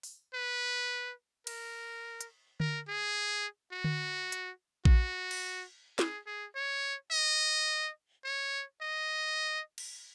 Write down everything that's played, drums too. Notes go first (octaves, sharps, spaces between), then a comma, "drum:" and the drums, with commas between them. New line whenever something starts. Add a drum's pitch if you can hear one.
drum: open hi-hat
B4
A#4, drum: cymbal
drum: hi-hat
A#4, drum: tom D3
G#4
F#4
drum: tom D3
drum: hi-hat
F#4, drum: kick A#1
drum: cymbal
G#4, drum: snare
G#4
C#5
D#5
C#5
D#5
drum: cymbal